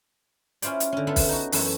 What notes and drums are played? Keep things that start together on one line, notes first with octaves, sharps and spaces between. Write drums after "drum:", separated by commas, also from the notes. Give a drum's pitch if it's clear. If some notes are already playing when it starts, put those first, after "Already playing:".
C#4 E4 F4 C5 D5, drum: hi-hat
drum: hi-hat
D3 C#4
B3 F4 A4 E5
drum: kick, open hi-hat
D#4 F#4
F#2 E3 A3 E5, drum: open hi-hat